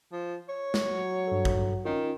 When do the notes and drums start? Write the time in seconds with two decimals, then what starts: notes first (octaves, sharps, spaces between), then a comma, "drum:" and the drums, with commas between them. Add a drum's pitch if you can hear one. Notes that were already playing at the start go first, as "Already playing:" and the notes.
0.12 F3
0.49 C#5
0.74 drum: snare
0.87 F#3
1.27 G2 A4
1.45 drum: kick
1.85 D#3 C#4 D#4 F4